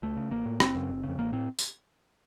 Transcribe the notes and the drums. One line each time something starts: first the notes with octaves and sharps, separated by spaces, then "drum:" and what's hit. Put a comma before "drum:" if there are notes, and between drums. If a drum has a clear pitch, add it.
C#2 A3
C#3
A1 A#3
A2
F#1 C4, drum: rim click
F#2 C#3
F#1
F2 C#3
A1 A#3
A2 C4
drum: tambourine